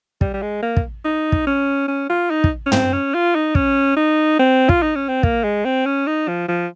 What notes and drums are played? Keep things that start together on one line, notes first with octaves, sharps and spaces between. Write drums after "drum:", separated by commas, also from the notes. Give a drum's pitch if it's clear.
G3, drum: kick
G3
G#3
A#3
drum: kick
D#4
drum: kick
C#4
C#4
F4
D#4
drum: kick
C#4
C4, drum: tom
C#4
F4
D#4
C#4, drum: kick
D#4
C4
F4, drum: kick
D#4
C#4
C4
A#3, drum: kick
G#3
C4
C#4
D#4
F3
F3